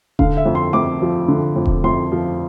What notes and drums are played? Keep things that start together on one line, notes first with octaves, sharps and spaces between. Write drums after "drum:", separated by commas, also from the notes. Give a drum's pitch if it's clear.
D3 F5, drum: kick D#1
E5
F2
C6
F2 D6
F3
D3
F2
drum: kick D#1
F2 C6
F3